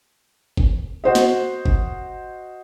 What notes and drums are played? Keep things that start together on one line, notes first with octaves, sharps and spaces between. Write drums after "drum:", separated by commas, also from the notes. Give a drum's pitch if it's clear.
drum: kick G1
F#4 C5 D#5
drum: snare
drum: kick G1